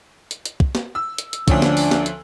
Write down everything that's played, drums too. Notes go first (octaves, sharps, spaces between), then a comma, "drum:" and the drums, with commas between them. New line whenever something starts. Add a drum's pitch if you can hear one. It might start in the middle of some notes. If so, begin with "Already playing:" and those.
drum: hi-hat
drum: hi-hat
drum: kick
drum: snare
E6
drum: hi-hat
drum: hi-hat
D2 F3 C#4 D4, drum: kick, hi-hat
drum: snare
drum: open hi-hat
drum: snare
drum: hi-hat